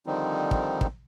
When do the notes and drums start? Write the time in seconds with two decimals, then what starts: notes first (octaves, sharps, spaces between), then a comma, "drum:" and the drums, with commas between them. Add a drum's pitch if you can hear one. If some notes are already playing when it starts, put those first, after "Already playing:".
0.06 D3 D#3 F3 G3 C4 D#4
0.51 drum: kick
0.81 drum: kick